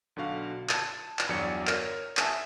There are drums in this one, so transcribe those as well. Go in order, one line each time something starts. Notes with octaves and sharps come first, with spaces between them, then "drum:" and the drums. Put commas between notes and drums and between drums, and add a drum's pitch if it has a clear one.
B1 D3 F#4 F5
A5 A6, drum: clap
drum: clap
G1 E2 F#3 D5 C#7
A#4 C#5 F6, drum: clap
E5 G#5 A5 D#6, drum: clap